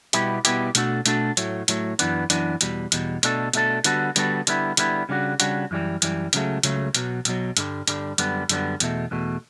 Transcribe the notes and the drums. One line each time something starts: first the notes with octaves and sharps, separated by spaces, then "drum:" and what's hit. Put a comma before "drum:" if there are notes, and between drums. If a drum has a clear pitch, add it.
B2 G3 B3 E4 G4, drum: hi-hat
B2 G3 B3 E4 G4, drum: hi-hat
B2 A3 D4 F#4 A4, drum: hi-hat
B2 A3 D4 F#4 A4, drum: hi-hat
A2 F#3 A3, drum: hi-hat
A2 F#3 A3, drum: hi-hat
F#2 E3 B3 D4, drum: hi-hat
F#2 E3 B3 D4, drum: hi-hat
E2 B2 G3, drum: hi-hat
E2 B2 G3, drum: hi-hat
B2 A3 D4 A4, drum: hi-hat
B2 A3 D4 A4, drum: hi-hat
D3 G3 B3 F#4 A4, drum: hi-hat
D3 G3 B3 F#4 A4, drum: hi-hat
D3 G3 B3 E4, drum: hi-hat
D3 G3 B3 E4, drum: hi-hat
C#3 G3 D4 F#4
C#3 G3 D4 F#4, drum: hi-hat
F#2 E3 G3
F#2 E3 G3, drum: hi-hat
C#2 C#3 F#3 A3, drum: hi-hat
C#2 C#3 F#3 A3, drum: hi-hat
B1 B2 F#3, drum: hi-hat
B1 B2 F#3, drum: hi-hat
G2 D3 G3, drum: hi-hat
G2 D3 G3, drum: hi-hat
F#2 D3 G3 B3, drum: hi-hat
F#2 D3 G3 B3, drum: hi-hat
E2 B2 A3, drum: hi-hat
E2 B2 A3